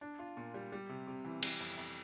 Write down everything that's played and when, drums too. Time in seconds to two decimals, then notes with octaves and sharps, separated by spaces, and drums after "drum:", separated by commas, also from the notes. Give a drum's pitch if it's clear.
0.01 D4
0.19 F4
0.37 A#2
0.54 G3
0.72 G3
0.89 C3
1.07 C3
1.25 E3
1.43 G3, drum: cymbal
1.60 F2
1.77 F2